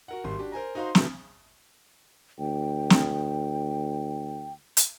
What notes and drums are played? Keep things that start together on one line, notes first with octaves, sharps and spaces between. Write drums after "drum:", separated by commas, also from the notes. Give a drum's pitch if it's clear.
F#4 A#4 F#5
G#1 G3 C6
D4 F#4 G4
A#4 C5 G#5 A#5
D#4 F#4 C5 F5 A#5 C6
C3 F#3 A3 B3, drum: snare
D2 G5
drum: snare
drum: hi-hat